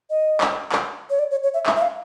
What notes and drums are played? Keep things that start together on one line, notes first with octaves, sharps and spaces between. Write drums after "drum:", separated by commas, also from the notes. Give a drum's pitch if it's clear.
D#5
drum: clap
drum: clap
C#5
D5
C#5
C#5
E5
E5, drum: clap
E5
F5